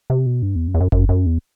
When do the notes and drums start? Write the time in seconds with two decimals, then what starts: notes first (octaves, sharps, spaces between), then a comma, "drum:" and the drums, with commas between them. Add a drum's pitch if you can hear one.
0.10 C3
0.26 B2
0.42 G2
0.56 E2
0.68 F#2
0.74 E2
0.80 F#2
0.92 F#2, drum: kick G1
1.09 F#2
1.26 E2